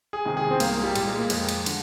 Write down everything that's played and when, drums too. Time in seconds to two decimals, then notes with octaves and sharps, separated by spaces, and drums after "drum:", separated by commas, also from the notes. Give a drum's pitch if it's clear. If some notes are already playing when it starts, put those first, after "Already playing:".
0.13 G#4
0.25 C3 D#3
0.37 G#4
0.51 C4
0.60 C2 A#3, drum: cymbal
0.84 G3
0.95 A#2, drum: cymbal
1.08 G#3
1.19 A#3
1.30 F2 G#3, drum: cymbal
1.49 drum: cymbal
1.66 D3, drum: cymbal